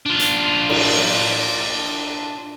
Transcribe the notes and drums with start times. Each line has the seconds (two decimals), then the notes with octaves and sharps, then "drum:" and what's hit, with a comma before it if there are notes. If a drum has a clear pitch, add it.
0.06 D4 F4
0.19 drum: hi-hat
0.69 drum: cymbal